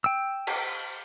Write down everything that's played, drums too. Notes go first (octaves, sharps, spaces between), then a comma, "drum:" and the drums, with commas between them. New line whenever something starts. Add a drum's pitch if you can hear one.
G5 E6
drum: cymbal